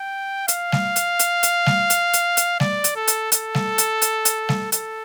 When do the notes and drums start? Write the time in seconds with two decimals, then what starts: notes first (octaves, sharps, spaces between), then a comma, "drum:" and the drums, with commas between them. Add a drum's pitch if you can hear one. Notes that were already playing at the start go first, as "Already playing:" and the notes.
Already playing: G5
0.48 F5, drum: hi-hat
0.72 drum: snare G3
0.96 drum: hi-hat
1.19 drum: hi-hat
1.43 drum: hi-hat
1.66 drum: snare G3
1.90 drum: hi-hat
2.14 drum: hi-hat
2.37 drum: hi-hat
2.60 D5, drum: snare G3
2.84 drum: hi-hat
2.96 A4
3.08 drum: hi-hat
3.32 A4, drum: hi-hat
3.55 drum: snare G3
3.78 drum: hi-hat
4.02 drum: hi-hat
4.25 drum: hi-hat
4.49 drum: snare G3
4.72 A4, drum: hi-hat